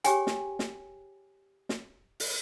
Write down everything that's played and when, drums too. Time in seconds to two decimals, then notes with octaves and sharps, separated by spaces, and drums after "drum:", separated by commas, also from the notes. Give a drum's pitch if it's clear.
0.04 G4 G#4 C#5 G5 G#5, drum: hi-hat
0.27 drum: snare
0.59 drum: snare
1.69 drum: snare
2.20 drum: open hi-hat